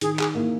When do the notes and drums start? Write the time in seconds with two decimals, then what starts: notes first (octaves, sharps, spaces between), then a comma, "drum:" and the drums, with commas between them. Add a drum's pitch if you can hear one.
0.01 D#3 G#4, drum: hi-hat
0.19 G#4, drum: clap
0.35 A#3 E4